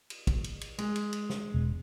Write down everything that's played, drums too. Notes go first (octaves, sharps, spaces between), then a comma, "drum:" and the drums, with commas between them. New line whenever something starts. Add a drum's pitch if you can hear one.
drum: cymbal
drum: kick, cymbal
drum: cymbal
drum: cymbal
G#3, drum: cymbal
drum: cymbal
drum: cymbal
drum: snare
E1